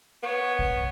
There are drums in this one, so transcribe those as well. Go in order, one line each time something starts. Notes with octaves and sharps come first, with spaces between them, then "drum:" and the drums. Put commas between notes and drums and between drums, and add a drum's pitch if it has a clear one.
B3 C#5
drum: kick